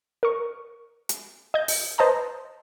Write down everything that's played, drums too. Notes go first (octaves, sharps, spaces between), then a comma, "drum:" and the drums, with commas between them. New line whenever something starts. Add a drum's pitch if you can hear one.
A#4 C#6
drum: hi-hat
D#5 G6
drum: open hi-hat
B4 C5 D#5 A5 A#5